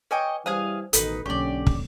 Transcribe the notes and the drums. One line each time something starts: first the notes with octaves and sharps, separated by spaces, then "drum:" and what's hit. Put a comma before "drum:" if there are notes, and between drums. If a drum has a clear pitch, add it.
B4 C#5 D#5 G5 G#5 D6
E3 G3 G#4 C5 C#5 F5 D#6
A1 B2 D#3 D#4 A4 B4, drum: hi-hat
B1 D3 A#3 C#4 G4 D5 C#6
drum: kick